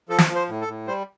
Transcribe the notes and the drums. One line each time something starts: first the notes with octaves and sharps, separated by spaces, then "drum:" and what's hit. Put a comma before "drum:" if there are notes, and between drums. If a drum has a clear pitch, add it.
F3 A4
drum: snare
F3
C5
A2
A4
A2
G3 C5